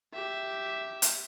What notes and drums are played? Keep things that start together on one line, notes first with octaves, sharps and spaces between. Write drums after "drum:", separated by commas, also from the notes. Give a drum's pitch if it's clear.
G4 E5
drum: hi-hat